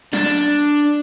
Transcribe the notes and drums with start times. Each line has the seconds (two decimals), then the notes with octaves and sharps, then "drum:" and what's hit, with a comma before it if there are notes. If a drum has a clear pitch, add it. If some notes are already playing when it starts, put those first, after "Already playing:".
0.13 D4, drum: snare